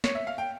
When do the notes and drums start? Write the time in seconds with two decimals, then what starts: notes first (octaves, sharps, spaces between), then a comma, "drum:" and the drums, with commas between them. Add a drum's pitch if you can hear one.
0.04 C#5, drum: snare
0.15 E5
0.27 F5
0.38 G5